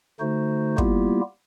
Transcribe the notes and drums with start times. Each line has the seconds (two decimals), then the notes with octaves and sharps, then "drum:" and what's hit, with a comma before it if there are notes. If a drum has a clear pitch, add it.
0.20 D3 A3 D#4 F#4 C5
0.78 G3 A#3 B3 E4 F4 G4, drum: kick